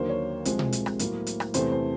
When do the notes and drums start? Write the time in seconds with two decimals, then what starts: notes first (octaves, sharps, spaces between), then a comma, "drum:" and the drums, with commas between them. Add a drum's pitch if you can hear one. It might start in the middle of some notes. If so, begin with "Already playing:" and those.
Already playing: D#2 D3 F#3 A#3 C5
0.09 C#5
0.45 C2 C3 F3 G#3 C5, drum: hi-hat
0.59 drum: tom B2
0.73 drum: hi-hat
0.86 drum: rim click
0.99 A2 F#3 A#3, drum: hi-hat
1.27 drum: hi-hat
1.40 drum: rim click
1.54 E2 C3 E3 A3 C5, drum: hi-hat
1.72 C5